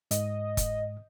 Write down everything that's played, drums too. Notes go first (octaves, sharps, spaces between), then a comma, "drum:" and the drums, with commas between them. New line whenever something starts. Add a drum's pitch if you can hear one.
G#2 D#5, drum: hi-hat
drum: kick F#1, hi-hat